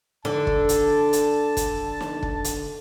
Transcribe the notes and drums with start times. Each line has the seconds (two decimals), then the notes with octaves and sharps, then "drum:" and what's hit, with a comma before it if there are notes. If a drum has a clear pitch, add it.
0.25 D3 A5, drum: snare
0.47 drum: kick
0.69 drum: hi-hat
1.13 drum: hi-hat
1.57 drum: kick, hi-hat
2.01 drum: snare
2.22 drum: kick
2.44 drum: hi-hat